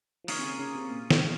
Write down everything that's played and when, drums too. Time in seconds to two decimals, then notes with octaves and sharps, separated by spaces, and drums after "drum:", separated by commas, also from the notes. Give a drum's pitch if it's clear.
0.24 F3
0.28 D#3 A#3 C#4 F4 G#4 C#5, drum: open hi-hat
0.39 C3
0.44 C#3
0.59 C#3
0.75 C3
0.90 A#2
1.11 drum: snare